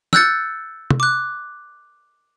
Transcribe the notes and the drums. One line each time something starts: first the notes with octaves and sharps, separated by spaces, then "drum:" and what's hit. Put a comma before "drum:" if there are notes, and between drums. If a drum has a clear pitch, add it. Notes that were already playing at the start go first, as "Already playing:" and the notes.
E6 F#6 G6 A6 C#7, drum: snare
drum: tom
D6 F#6